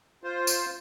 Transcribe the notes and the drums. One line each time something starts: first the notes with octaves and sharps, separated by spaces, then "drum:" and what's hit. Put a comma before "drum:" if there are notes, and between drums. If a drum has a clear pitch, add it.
F4 C5
drum: tambourine